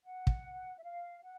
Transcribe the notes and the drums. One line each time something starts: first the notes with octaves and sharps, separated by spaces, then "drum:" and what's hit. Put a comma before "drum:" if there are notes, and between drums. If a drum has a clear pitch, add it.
F#5
drum: kick
E5
F5
F#5